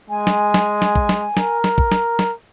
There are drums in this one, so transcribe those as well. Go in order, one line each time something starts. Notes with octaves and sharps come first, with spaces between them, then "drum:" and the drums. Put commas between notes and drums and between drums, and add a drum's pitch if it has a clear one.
G#3 G#5
drum: snare
drum: snare
drum: snare
drum: kick
drum: snare
A#4, drum: snare
drum: snare
drum: kick
drum: snare
drum: snare